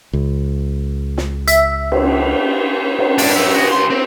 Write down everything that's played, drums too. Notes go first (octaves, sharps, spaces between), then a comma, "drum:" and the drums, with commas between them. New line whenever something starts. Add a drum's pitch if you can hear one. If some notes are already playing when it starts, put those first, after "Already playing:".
C#2
drum: snare
E5, drum: hi-hat
drum: cymbal
drum: cymbal
G#2 D4, drum: open hi-hat
F#3 E5
F#4 G#4
C#2 C6
C4